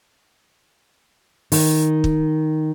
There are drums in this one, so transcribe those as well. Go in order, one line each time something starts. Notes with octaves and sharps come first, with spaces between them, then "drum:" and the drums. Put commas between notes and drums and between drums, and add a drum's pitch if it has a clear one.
D#3, drum: open hi-hat
drum: kick